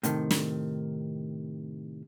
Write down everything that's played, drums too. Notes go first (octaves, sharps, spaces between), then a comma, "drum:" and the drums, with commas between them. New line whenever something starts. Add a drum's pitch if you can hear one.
A2 C3 D#3, drum: hi-hat
drum: snare